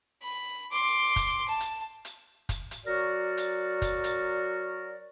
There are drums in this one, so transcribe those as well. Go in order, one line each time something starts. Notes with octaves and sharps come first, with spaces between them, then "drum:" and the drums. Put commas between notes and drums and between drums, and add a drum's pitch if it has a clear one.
B5
C6 D6
drum: kick, hi-hat
A5
drum: hi-hat
drum: hi-hat
drum: kick, hi-hat
drum: hi-hat
F#3 F#4 A#4 D5
drum: hi-hat
drum: kick, hi-hat
drum: hi-hat